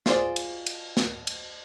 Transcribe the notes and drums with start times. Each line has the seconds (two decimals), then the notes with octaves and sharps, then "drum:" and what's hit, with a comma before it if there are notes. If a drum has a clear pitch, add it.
0.06 F4 G#4 C5 D5, drum: snare
0.36 drum: cymbal
0.66 drum: cymbal
0.97 drum: snare
1.27 drum: cymbal